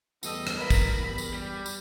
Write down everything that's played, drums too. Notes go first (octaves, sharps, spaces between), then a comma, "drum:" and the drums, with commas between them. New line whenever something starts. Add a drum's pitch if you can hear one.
E2 G3 A3 A4 D#5, drum: tambourine
drum: rim click
A#3 A#4 B4 B5
drum: kick, tambourine
E2 G2
drum: tambourine
G3
drum: tambourine